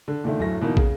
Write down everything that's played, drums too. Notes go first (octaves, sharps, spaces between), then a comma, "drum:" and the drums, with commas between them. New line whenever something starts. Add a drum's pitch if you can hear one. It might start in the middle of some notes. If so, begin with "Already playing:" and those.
D3
A#2 D3 D#3 A3
D1 F#2 A3 A#6
B2 E3 A#3 D#4
C#3, drum: kick